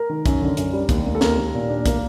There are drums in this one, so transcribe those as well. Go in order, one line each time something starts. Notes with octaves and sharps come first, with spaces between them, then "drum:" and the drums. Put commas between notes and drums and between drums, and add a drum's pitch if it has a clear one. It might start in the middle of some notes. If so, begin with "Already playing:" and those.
Already playing: A#4
D#3
F#2, drum: kick, hi-hat
D3
F#2, drum: hi-hat
G3
D#2, drum: kick, hi-hat
D#2
A4
D#2 A#4, drum: snare
D#2
A#2
D4
A#3 A#4, drum: kick, hi-hat